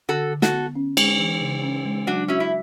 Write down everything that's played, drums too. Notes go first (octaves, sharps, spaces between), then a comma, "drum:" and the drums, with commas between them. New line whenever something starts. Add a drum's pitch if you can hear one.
D3 F#4 A4
D3
F#4 A4, drum: snare
B3
C#4
G#3, drum: cymbal
E3
C#3
C#4
G#3
F#3 D4 F#4
C#4 E4 F#4
E4